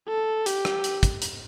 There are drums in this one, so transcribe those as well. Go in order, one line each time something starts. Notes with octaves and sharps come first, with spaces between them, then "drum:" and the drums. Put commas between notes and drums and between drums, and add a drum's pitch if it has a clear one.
A4
G4, drum: hi-hat
drum: rim click
drum: hi-hat
drum: kick, hi-hat
drum: hi-hat